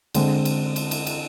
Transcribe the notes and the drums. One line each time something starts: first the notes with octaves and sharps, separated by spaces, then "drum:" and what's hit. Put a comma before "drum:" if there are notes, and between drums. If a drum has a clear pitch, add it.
D3 G#3 C4, drum: cymbal
drum: cymbal
drum: cymbal
drum: cymbal
drum: cymbal